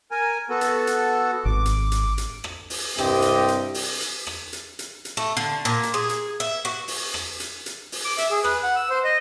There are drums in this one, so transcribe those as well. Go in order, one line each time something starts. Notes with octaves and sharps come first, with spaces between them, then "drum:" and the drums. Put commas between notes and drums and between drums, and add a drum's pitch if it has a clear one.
A#4 G#5
B3 F#4 A4
drum: hi-hat
drum: hi-hat
G#1 D6
drum: hi-hat
drum: hi-hat
drum: hi-hat
drum: rim click
drum: open hi-hat
C2 G2 C4 G4 D#5 G5, drum: rim click
drum: hi-hat
drum: hi-hat
drum: open hi-hat
drum: hi-hat
drum: rim click
drum: hi-hat
drum: hi-hat
drum: hi-hat
A3
D3
A#2
drum: hi-hat
G#4
drum: hi-hat
E5
F#4
drum: open hi-hat
drum: rim click
drum: hi-hat
drum: hi-hat
drum: open hi-hat
D6
E5, drum: hi-hat
G#4
B4, drum: rim click
F#5
E6
C5
D#5